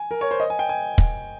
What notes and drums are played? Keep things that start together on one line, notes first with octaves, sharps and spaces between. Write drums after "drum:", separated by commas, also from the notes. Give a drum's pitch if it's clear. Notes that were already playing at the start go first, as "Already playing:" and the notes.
Already playing: G#5
A#4
C#5
C5
D#5
G#5
G5
G#5
drum: kick